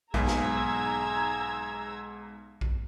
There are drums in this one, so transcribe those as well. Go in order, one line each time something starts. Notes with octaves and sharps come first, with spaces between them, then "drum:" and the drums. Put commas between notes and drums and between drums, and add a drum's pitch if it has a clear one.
B1 G#2 G#4 A#5 E6 G#6, drum: kick A#1
drum: snare
drum: kick A#1